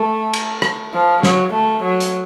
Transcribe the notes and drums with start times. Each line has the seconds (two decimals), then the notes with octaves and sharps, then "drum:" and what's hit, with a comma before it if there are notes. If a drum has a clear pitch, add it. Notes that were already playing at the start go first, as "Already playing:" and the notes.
Already playing: A3
0.33 drum: cymbal
0.62 drum: rim click
0.94 F3
1.23 F#3, drum: snare
1.53 A3
1.84 F#3
2.00 drum: hi-hat